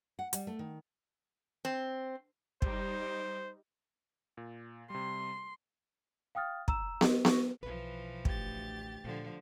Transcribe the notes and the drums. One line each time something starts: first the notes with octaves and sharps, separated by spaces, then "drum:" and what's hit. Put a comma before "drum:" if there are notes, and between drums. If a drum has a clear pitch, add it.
F#5
G3, drum: hi-hat
A3
D#3
C4
G3 D#4 C5, drum: kick
A#2
C3 G3 C6
F5 G5 D#6 F6 A6
A#5 E6 E7, drum: kick
G4 A#4 D#5, drum: snare B3
C#6 A#6, drum: snare B3
B1 B2 E3 F3 B4
A1 D2 A3 G4 A6, drum: kick
A#2 D3 F3